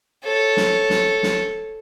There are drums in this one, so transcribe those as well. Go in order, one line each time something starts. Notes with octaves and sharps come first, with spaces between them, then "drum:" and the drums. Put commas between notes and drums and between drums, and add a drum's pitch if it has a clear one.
A4 C#5
drum: snare
drum: snare
drum: snare